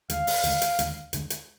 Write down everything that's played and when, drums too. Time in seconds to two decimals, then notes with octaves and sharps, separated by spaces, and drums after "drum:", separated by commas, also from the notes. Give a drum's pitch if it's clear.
0.10 D#2 D3 G#3 F5, drum: hi-hat
0.27 drum: open hi-hat
0.44 D#2 D3 G#3, drum: hi-hat
0.61 drum: hi-hat
0.79 D#2 D3 G#3, drum: hi-hat
1.13 D#2 D3 G#3, drum: hi-hat
1.30 drum: hi-hat